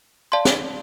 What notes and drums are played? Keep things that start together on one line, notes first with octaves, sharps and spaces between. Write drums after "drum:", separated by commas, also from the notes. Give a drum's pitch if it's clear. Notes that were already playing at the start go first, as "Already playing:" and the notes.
D5 F5 A5 C6
drum: snare